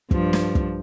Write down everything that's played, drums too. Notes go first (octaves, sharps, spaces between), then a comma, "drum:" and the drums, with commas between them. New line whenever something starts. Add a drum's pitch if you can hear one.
G2 F3, drum: kick
drum: snare
drum: kick